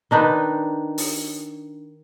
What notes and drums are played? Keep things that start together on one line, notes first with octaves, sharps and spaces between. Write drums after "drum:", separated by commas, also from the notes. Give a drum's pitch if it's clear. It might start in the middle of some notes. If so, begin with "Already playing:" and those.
D#3 D4 D#4 B4
drum: open hi-hat